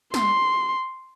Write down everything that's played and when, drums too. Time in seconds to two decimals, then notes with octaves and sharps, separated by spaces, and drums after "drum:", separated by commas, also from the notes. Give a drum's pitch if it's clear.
0.14 C6, drum: snare